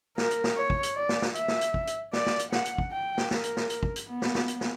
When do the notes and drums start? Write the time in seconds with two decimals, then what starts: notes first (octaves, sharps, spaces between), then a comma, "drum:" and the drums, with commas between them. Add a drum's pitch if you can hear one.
0.18 A#4, drum: snare
0.31 drum: hi-hat
0.44 drum: snare
0.57 C#5
0.70 drum: kick
0.83 drum: hi-hat
0.96 D5
1.09 drum: snare
1.22 drum: snare
1.35 E5, drum: hi-hat
1.48 drum: snare
1.61 drum: hi-hat
1.74 drum: kick
1.87 drum: hi-hat
2.13 D5, drum: snare
2.26 drum: snare
2.39 drum: hi-hat
2.52 F#5, drum: snare
2.65 drum: hi-hat
2.78 drum: kick
2.91 G5
3.18 drum: snare
3.31 A#4, drum: snare
3.44 drum: hi-hat
3.57 drum: snare
3.70 drum: hi-hat
3.83 drum: kick
3.96 drum: hi-hat
4.09 B3
4.22 drum: snare
4.35 drum: snare
4.48 drum: hi-hat
4.61 drum: snare